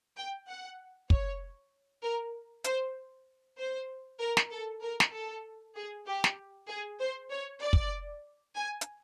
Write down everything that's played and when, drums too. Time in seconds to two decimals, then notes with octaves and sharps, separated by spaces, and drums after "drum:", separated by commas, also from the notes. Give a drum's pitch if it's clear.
0.17 G5
0.48 F#5
1.10 C#5, drum: kick
2.03 A#4
2.64 C5, drum: hi-hat
3.58 C5
4.20 A#4
4.37 drum: snare
4.51 A4
4.82 A#4
5.00 drum: snare
5.14 A4
5.76 G#4
6.07 G4
6.24 drum: snare
6.69 G#4
7.00 C5
7.31 C#5
7.62 D5
7.73 drum: kick
8.55 G#5
8.81 drum: hi-hat